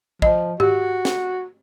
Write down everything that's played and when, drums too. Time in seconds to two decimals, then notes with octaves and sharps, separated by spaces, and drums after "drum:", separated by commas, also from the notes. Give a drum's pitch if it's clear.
0.22 F3 D#5, drum: kick
0.60 F#4 G4, drum: tom G#2
1.05 drum: snare